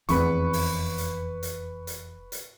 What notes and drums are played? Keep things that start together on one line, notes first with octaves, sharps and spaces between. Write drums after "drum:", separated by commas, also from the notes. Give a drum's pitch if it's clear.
F1 E2 C4 B4 B5 C#6, drum: hi-hat
drum: open hi-hat
drum: hi-hat
drum: hi-hat
drum: hi-hat
drum: hi-hat